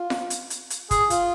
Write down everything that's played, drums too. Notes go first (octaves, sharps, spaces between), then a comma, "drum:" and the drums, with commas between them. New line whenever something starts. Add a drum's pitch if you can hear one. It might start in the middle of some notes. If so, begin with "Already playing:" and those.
Already playing: F4
drum: snare F4
drum: hi-hat
drum: hi-hat
drum: hi-hat
G#4, drum: kick, hi-hat
F4, drum: hi-hat